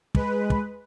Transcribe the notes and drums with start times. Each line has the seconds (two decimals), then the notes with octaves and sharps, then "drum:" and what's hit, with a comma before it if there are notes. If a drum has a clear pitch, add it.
0.15 G#3 B4, drum: kick
0.50 drum: kick